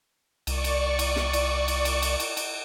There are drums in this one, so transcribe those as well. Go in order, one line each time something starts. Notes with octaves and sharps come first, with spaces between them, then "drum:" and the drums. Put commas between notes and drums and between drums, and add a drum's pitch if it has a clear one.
C2 D5 C#6, drum: cymbal
drum: cymbal
drum: cymbal
drum: snare
drum: cymbal
drum: cymbal
drum: cymbal
drum: cymbal
drum: cymbal
drum: cymbal